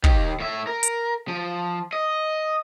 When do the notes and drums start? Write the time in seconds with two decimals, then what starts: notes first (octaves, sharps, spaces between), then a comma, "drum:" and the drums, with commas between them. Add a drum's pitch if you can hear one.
0.04 D#3 G4, drum: kick
0.40 A2 E5
0.67 A#4
0.83 drum: hi-hat
1.28 F3
1.93 D#5